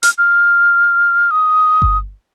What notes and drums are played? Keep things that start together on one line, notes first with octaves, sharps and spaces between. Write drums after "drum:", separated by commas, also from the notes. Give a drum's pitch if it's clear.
F6, drum: hi-hat
F6
D#6
drum: kick G1